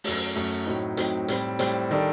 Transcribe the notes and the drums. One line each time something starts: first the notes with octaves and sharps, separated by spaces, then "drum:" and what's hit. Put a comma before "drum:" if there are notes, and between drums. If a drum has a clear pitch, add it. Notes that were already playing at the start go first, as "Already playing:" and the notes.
F#2 F#3 A3, drum: open hi-hat
F#2 F#3 A3
A2 F#3 C4 D#4
A2 F#3 C4 D#4, drum: hi-hat
A2 G3 C4, drum: hi-hat
A2 G3 C4, drum: hi-hat
D#3 G3 D4 A4